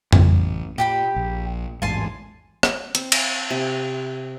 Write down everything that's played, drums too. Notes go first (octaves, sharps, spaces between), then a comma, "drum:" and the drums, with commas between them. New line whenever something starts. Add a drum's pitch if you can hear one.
A1, drum: tom F2
A#2 G4 G5 B5
A#1
A1 E2 G#2 G#5 A5 C6
drum: rim click
C4, drum: hi-hat
drum: cymbal
C3